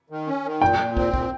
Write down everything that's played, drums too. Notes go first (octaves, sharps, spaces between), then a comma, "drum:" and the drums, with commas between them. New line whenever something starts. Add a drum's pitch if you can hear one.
D#3
C#4
D#3
A#2 G5
A#2
C4, drum: kick
A#2, drum: kick